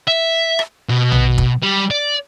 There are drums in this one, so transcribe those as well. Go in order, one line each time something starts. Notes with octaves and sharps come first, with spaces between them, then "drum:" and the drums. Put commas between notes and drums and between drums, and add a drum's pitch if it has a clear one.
E5
drum: rim click
B2
drum: tom A#1
drum: kick
G3
D5